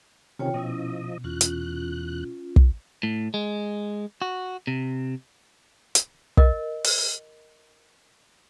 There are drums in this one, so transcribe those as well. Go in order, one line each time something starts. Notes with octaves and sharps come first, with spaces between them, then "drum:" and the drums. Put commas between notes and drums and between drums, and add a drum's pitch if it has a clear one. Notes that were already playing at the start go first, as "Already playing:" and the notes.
C3 D#3 C#4 F4 C#5 G5
B2 F3 C#4 E4 D#5
E2 C#4 F4 F#6
drum: hi-hat
drum: kick
A2
G#3
F#4
C3
drum: hi-hat
A#4 D#5, drum: kick
drum: open hi-hat